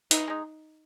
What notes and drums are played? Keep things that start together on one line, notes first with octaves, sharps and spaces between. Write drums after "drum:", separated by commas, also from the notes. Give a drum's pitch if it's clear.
E3 D#4, drum: hi-hat
G#3 D#4